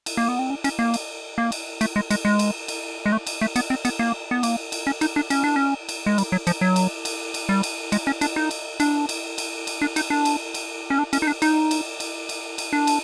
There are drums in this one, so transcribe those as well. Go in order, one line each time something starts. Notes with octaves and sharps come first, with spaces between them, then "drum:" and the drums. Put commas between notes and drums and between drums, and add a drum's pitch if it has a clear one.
drum: cymbal
A#3
B3
C4
C#4
C#4, drum: cymbal
A#3
drum: cymbal
A#3
drum: cymbal
A3, drum: cymbal
G#3
G#3, drum: cymbal
G#3
drum: cymbal
drum: cymbal
G#3
A3
drum: cymbal
A3
B3, drum: cymbal
C4
B3, drum: cymbal
A#3
B3
A#3, drum: cymbal
drum: cymbal
C#4
D#4, drum: cymbal
D4
C#4, drum: cymbal
D4
C#4
drum: cymbal
G#3
G3, drum: cymbal
F#3
F3, drum: cymbal
F#3
drum: cymbal
drum: cymbal
drum: cymbal
G3
drum: cymbal
G#3, drum: cymbal
C#4
D4, drum: cymbal
D#4
drum: cymbal
D4, drum: cymbal
drum: cymbal
drum: cymbal
drum: cymbal
D4
D#4, drum: cymbal
D4
drum: cymbal
drum: cymbal
C#4
D4
C#4, drum: cymbal
D#4
D4
D#4, drum: cymbal
drum: cymbal
drum: cymbal
drum: cymbal
drum: cymbal
D4
drum: cymbal